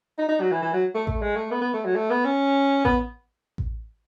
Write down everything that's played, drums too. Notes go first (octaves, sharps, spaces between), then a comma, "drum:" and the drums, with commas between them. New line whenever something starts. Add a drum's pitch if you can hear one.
D#4
D#4
F#3
E3
E3
F#3
A3
A3, drum: kick A1
G#3
A3
B3
B3
A3
F#3
A3
B3
C#4
B3, drum: kick A1
drum: kick A1